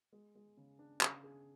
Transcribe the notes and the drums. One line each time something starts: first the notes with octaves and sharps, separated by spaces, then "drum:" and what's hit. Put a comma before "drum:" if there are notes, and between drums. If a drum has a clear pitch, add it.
G#3
G#3
C#3
D4
C#3, drum: clap
G#4